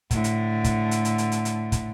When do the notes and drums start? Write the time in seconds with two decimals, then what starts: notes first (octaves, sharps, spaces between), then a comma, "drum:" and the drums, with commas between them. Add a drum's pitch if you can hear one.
0.11 A2 D3, drum: kick, hi-hat
0.24 drum: hi-hat
0.64 drum: kick, hi-hat
0.91 drum: hi-hat
1.05 drum: hi-hat
1.18 drum: hi-hat
1.32 drum: hi-hat
1.45 drum: hi-hat
1.72 drum: kick, hi-hat